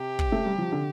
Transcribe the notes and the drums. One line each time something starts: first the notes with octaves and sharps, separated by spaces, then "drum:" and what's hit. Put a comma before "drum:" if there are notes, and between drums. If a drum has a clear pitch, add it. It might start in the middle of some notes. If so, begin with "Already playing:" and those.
Already playing: C3 G4
drum: kick
A3
G3
F3
D3